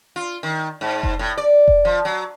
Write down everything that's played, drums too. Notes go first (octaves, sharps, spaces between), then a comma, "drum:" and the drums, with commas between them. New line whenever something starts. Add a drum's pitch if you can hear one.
F4
D#3
G#2
drum: kick F1
A2
D5
drum: kick F1
F3
F#3